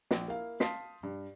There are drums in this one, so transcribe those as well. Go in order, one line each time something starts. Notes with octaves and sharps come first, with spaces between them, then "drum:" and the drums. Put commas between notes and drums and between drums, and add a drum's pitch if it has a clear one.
A#1, drum: snare
A#3 E4 F5
F5 A5 C6 D#6 B6 C7, drum: snare
G2